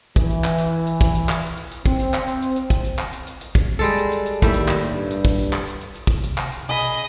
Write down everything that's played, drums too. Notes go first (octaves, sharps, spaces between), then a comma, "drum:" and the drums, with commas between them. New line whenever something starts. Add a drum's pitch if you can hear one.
E3, drum: kick, hi-hat
drum: hi-hat
drum: clap
drum: hi-hat
drum: hi-hat
drum: kick, hi-hat
drum: hi-hat
drum: clap
drum: hi-hat
drum: hi-hat
drum: hi-hat
C4, drum: kick, hi-hat
drum: hi-hat
drum: clap
drum: hi-hat
drum: hi-hat
drum: hi-hat
drum: kick, hi-hat
drum: hi-hat
drum: clap
drum: hi-hat
drum: hi-hat
drum: hi-hat
drum: kick, hi-hat
G3 G#3 A4
drum: hi-hat
drum: hi-hat
drum: hi-hat
D#2 A2 G3 E5, drum: kick, hi-hat
drum: hi-hat
drum: clap
drum: hi-hat
G2
drum: hi-hat
drum: kick, hi-hat
drum: hi-hat
drum: clap
drum: hi-hat
drum: hi-hat
drum: hi-hat
C3, drum: kick, hi-hat
drum: hi-hat
drum: clap
drum: hi-hat
B2 G#4 D#5 B5
drum: hi-hat